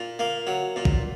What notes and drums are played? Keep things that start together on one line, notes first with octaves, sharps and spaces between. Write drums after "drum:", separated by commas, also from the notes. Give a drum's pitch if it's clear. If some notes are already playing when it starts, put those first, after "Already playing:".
Already playing: A#2
A#3
F#3
A#2
drum: kick